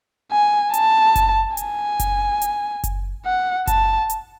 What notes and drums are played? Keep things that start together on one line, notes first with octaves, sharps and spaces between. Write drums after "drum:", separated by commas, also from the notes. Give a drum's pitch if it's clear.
G#5
A5, drum: hi-hat
drum: kick F#1, hi-hat
G#5, drum: hi-hat
drum: kick F#1, hi-hat
drum: hi-hat
drum: kick F#1, hi-hat
F#5
A5, drum: kick F#1, hi-hat
drum: hi-hat